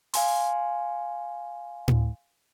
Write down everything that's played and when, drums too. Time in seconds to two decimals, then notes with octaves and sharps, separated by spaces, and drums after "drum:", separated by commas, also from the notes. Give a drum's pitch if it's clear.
0.14 F5 G#5 C6, drum: open hi-hat
1.88 drum: tom A2